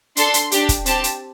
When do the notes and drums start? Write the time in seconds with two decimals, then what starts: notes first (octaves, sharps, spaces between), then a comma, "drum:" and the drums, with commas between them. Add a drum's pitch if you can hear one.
0.17 D4 A4 C6, drum: hi-hat
0.34 drum: hi-hat
0.52 D4 G4, drum: hi-hat
0.69 drum: kick, hi-hat
0.86 C4 G4 A5, drum: hi-hat
1.04 drum: hi-hat